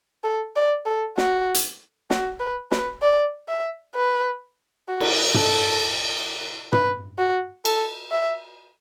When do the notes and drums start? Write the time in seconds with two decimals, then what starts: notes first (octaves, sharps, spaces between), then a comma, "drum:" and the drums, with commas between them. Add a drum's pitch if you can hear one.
0.24 A4
0.56 D5
0.86 A4
1.18 F#4, drum: snare
1.54 drum: hi-hat
2.10 F#4, drum: snare
2.40 B4
2.72 B4, drum: snare
3.02 D5
3.49 E5
3.95 B4
4.88 F#4
5.00 drum: cymbal
5.34 A4, drum: tom
6.73 B4, drum: tom
7.19 F#4
7.65 A4, drum: cymbal
8.11 E5